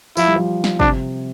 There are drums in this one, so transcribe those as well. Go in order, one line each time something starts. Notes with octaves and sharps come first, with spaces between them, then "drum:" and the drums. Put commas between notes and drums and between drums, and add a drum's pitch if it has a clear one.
F3 E4, drum: tambourine
G3
F3
drum: snare
C3 D4, drum: kick